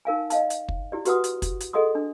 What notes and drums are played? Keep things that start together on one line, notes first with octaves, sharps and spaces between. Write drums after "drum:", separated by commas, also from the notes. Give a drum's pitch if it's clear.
D#4 A#4 F5 G#5
D#5 F5 A5, drum: hi-hat
drum: hi-hat
drum: kick
E4 G4 D5
F#4 G4 B4 F#5 C6 D#6, drum: hi-hat
drum: hi-hat
drum: kick, hi-hat
drum: hi-hat
G#4 A4 D#5 F#5 C6 D#6
D4